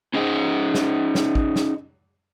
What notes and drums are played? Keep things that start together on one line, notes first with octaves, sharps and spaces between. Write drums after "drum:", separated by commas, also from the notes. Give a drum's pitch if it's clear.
C#4 D#4 G#4 D#5
drum: snare
drum: snare
drum: kick
drum: snare